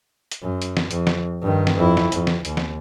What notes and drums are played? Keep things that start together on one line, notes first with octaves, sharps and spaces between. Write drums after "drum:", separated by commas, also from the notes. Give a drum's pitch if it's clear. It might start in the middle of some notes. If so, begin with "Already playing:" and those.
drum: hi-hat
F#2
drum: hi-hat
drum: snare
F2, drum: hi-hat
drum: snare
G2 D#3
drum: snare
F2 E4
drum: snare
F2, drum: hi-hat
drum: snare
D#2, drum: hi-hat
drum: snare